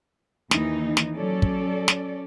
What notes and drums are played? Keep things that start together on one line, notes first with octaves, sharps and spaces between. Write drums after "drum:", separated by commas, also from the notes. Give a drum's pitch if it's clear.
D#2 E3 D#4, drum: snare
drum: snare
F#3 C#4 A4 D5
drum: kick
drum: snare